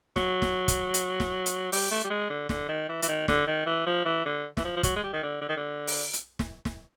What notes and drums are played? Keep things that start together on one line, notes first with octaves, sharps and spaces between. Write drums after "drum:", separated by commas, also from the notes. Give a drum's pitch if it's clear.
F#3, drum: snare
drum: snare
drum: kick, hi-hat
drum: hi-hat
drum: snare
drum: hi-hat
G3, drum: open hi-hat
A3
G3
G#3
D3
D3, drum: snare
D#3
E3
E3, drum: hi-hat
D#3
D3, drum: snare
D#3
E3
F3
E3
D3
E3, drum: snare
F3
F3
F#3, drum: kick, hi-hat
G#3
G3
D#3
D3
D3
D#3
D3
drum: open hi-hat
drum: hi-hat
drum: snare
drum: snare